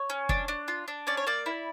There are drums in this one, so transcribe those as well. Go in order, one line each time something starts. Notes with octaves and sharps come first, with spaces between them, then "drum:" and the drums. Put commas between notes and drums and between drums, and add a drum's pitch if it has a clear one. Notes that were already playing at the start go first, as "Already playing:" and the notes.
Already playing: C#5
C#4
D4, drum: kick
D4
F4
D4
C#4 D5
C#5
A#3 D5
E4